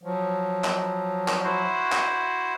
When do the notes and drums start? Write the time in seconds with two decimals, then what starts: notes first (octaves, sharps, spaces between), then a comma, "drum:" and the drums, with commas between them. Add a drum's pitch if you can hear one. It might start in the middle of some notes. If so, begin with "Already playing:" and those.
0.03 F3 F#3
0.64 drum: clap
1.28 drum: clap
1.44 E4 F#4 C5
1.92 drum: clap